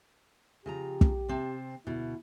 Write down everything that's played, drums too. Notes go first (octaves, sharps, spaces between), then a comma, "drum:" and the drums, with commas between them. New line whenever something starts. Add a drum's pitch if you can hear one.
C#3 F3 G4 A#5
drum: kick
C3 C4 A5
D2 B2 E4